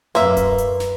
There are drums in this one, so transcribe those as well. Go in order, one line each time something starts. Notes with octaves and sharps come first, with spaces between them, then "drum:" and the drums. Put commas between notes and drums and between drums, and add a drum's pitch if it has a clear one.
F#2 A#3 B4 E5 C6, drum: snare
drum: kick D1, hi-hat
drum: hi-hat
drum: snare